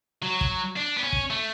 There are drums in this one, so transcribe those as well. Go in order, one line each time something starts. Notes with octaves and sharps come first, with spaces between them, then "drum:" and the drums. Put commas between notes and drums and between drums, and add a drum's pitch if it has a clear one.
F#3
drum: kick
D4
B3
C#4
drum: kick
A3